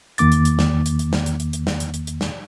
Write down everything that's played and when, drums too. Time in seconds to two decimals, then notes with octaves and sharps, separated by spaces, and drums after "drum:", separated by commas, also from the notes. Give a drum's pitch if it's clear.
0.18 E2 D#3 A#3 D6 A6, drum: hi-hat
0.32 drum: hi-hat
0.45 drum: hi-hat
0.59 drum: snare
0.86 drum: hi-hat
0.99 drum: hi-hat
1.13 drum: snare
1.26 drum: hi-hat
1.40 drum: hi-hat
1.53 drum: hi-hat
1.67 drum: snare
1.80 drum: hi-hat
1.94 drum: hi-hat
2.07 drum: hi-hat
2.21 drum: snare